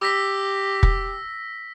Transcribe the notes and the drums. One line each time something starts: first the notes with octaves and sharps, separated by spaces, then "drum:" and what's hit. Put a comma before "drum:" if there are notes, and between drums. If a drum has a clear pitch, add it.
G4 E6 A#6 B6
drum: kick